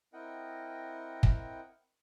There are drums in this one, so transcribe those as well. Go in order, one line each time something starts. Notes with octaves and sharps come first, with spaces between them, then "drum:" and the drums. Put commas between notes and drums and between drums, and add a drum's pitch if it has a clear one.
C4 E4 A#4 D#5 F#5 G5
drum: kick